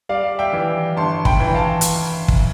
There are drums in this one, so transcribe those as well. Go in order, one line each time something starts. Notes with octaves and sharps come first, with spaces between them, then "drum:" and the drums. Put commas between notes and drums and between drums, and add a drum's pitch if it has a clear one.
G3 D5 F5
E5 G5
E3
G1 A5 C6
G5 B5, drum: kick
E3
F5 A5
drum: hi-hat
drum: kick